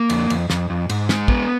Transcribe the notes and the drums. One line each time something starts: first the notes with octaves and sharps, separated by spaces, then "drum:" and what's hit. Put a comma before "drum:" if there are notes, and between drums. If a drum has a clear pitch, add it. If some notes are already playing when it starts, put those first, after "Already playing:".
Already playing: A#3
F2, drum: cymbal
F2, drum: cymbal
F2, drum: snare
F2
G#2, drum: cymbal
G#3, drum: snare
B3, drum: kick